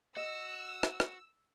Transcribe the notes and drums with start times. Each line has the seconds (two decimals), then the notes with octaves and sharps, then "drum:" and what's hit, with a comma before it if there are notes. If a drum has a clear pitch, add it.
0.16 F#4 D#5 E6
0.83 drum: rim click
1.00 drum: rim click